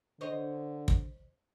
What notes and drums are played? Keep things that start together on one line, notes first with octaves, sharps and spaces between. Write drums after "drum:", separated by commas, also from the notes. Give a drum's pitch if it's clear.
D3 C5 C#5 D#5
drum: kick